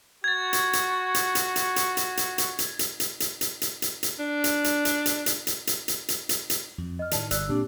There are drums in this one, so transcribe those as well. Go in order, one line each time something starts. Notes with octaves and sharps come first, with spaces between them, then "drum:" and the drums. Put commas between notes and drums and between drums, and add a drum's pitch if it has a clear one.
F#4 G#6 A6
drum: hi-hat
drum: hi-hat
drum: hi-hat
drum: hi-hat
drum: hi-hat
drum: hi-hat
drum: hi-hat
drum: hi-hat
drum: hi-hat
drum: hi-hat
drum: hi-hat
drum: hi-hat
drum: hi-hat
drum: hi-hat
drum: hi-hat
drum: hi-hat
drum: hi-hat
D4
drum: hi-hat
drum: hi-hat
drum: hi-hat
drum: hi-hat
drum: hi-hat
drum: hi-hat
drum: hi-hat
drum: hi-hat
drum: hi-hat
drum: hi-hat
drum: hi-hat
F2
D#5 F6
A2 D#3 D5 A5, drum: hi-hat
G1 D5 E6 F#6, drum: hi-hat
A#2 C4 D4 G4